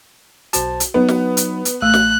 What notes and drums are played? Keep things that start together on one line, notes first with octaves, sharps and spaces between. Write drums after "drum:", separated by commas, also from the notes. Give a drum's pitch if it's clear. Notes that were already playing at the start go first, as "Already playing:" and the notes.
B1 F#4 C5 A5, drum: hi-hat
drum: hi-hat
F#3 B3 D#4
drum: snare
drum: hi-hat
drum: hi-hat
A1 A3 F#6
drum: snare